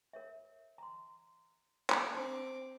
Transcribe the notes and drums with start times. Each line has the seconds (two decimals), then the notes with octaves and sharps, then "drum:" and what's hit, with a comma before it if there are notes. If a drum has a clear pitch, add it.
0.13 A#4 C#5 E5
0.78 A#5 C6
1.90 drum: clap
2.14 C4 D4 C5 A5 D6